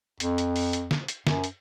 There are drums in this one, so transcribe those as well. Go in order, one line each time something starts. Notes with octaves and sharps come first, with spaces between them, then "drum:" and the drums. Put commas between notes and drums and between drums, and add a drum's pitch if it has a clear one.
F2, drum: hi-hat
drum: hi-hat
drum: open hi-hat
drum: hi-hat
drum: snare
drum: hi-hat
F#2, drum: snare
drum: hi-hat